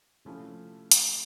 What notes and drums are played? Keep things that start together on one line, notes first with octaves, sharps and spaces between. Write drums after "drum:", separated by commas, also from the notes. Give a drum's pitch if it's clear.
C3 F3 A3 C#4 E4
drum: hi-hat